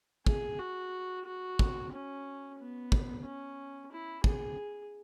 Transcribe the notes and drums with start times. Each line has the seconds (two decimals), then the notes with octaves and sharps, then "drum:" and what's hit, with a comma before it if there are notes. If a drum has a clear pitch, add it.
0.26 G#4, drum: kick
0.59 F#4
1.26 F#4
1.59 drum: kick
1.93 C#4
2.59 B3
2.92 drum: kick
3.25 C#4
3.92 E4
4.24 G#4, drum: kick